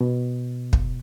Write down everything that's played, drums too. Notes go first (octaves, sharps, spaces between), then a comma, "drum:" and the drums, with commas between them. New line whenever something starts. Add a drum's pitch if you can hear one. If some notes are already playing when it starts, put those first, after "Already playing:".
B2
drum: kick